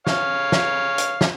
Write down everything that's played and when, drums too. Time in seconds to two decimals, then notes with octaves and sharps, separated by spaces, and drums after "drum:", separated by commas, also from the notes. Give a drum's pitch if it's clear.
0.07 C#5 F5, drum: snare
0.52 drum: snare
0.98 drum: hi-hat
1.21 drum: snare